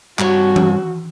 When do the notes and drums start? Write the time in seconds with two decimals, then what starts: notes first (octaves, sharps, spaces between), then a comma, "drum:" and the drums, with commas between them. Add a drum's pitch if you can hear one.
0.19 G2 F#4 C#5, drum: clap
0.56 drum: tom E3